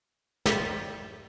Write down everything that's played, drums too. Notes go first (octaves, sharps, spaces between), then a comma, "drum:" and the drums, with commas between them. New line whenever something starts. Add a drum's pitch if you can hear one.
G3 F4 G4 E5, drum: snare